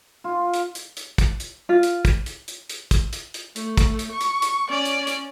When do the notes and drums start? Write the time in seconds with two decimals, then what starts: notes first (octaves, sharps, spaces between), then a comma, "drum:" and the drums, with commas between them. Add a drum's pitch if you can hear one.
0.24 F4
0.54 drum: hi-hat
0.75 drum: hi-hat
0.97 drum: hi-hat
1.18 drum: kick, hi-hat
1.40 drum: hi-hat
1.69 F4
1.83 drum: hi-hat
2.05 drum: kick, hi-hat
2.26 drum: hi-hat
2.48 drum: hi-hat
2.70 drum: hi-hat
2.91 drum: kick, hi-hat
3.13 drum: hi-hat
3.34 drum: hi-hat
3.56 A3, drum: hi-hat
3.77 drum: kick, hi-hat
3.99 drum: hi-hat
4.12 C#6
4.21 drum: hi-hat
4.42 drum: hi-hat
4.70 C#4 D5
4.85 drum: hi-hat
5.07 drum: hi-hat